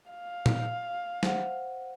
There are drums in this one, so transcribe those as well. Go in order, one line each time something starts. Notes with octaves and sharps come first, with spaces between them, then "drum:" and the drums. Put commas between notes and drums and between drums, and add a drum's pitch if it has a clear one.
F5
drum: tom A#2
C5 F#5, drum: snare